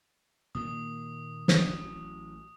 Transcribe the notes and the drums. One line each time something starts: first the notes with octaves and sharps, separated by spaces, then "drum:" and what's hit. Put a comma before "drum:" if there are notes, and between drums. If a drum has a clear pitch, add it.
A#2 D#3 A#3 D#6
drum: snare
A1 F#3